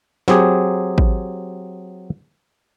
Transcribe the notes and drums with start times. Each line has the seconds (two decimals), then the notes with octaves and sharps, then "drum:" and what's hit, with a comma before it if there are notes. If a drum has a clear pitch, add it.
0.28 F#3 C4 G4 G#4, drum: snare
0.98 drum: kick